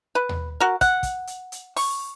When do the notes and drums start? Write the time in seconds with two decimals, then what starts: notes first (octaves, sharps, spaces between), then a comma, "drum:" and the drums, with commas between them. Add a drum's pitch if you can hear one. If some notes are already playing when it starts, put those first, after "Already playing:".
0.15 B4
0.29 drum: tom D#2
0.60 F#4 A#4
0.81 F#5, drum: kick, hi-hat
1.03 drum: kick, hi-hat
1.27 drum: hi-hat
1.52 drum: hi-hat
1.76 C#6, drum: open hi-hat